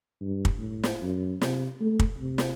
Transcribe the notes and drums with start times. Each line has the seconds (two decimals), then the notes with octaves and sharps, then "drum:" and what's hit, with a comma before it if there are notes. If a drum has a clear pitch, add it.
0.21 G2
0.45 drum: kick
0.57 A2
0.83 drum: snare
1.01 F#2
1.41 C3, drum: snare
1.81 A3
1.99 drum: kick
2.18 C3
2.38 drum: snare